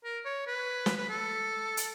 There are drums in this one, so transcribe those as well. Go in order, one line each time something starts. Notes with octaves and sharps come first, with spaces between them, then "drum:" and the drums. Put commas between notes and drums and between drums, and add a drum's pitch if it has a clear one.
A#4
C#5
B4
drum: snare
B4
A4
drum: hi-hat